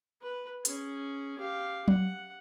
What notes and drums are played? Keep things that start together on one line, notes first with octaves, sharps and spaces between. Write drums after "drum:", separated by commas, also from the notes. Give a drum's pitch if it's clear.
B4
C#4 G#4, drum: hi-hat
G4 F5
F#5, drum: tom F#3